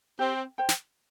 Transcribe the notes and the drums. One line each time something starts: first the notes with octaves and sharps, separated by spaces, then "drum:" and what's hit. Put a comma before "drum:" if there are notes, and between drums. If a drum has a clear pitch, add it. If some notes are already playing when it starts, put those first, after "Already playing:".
C4 G4
C5 G5
drum: snare